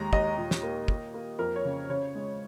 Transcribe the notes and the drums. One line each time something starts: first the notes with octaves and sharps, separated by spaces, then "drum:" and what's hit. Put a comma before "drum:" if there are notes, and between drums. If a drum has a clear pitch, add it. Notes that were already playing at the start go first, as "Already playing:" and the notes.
Already playing: D#2 G#3 A#5
D#2 D#5, drum: kick
A#2
drum: snare
A#3
A#3, drum: kick
A#3
F2 A#4
C#5
C#3
C#3 C#5
G#3